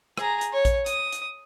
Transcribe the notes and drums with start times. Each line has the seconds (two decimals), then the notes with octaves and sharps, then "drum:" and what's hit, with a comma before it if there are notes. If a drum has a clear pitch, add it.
0.17 G#4 A#5, drum: rim click
0.41 drum: hi-hat
0.53 C#5
0.65 drum: kick A#1, hi-hat
0.86 D#6, drum: hi-hat
1.12 drum: hi-hat